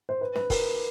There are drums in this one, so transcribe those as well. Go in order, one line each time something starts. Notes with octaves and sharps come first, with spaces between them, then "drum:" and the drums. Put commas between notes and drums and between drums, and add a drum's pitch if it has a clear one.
C5
B4
B4, drum: snare
A#4, drum: kick, open hi-hat